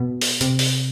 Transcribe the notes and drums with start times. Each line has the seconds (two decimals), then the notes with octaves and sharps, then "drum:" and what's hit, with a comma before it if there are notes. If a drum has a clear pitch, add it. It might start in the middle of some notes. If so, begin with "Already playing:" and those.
Already playing: B2
0.21 drum: open hi-hat
0.41 C3, drum: hi-hat
0.59 drum: open hi-hat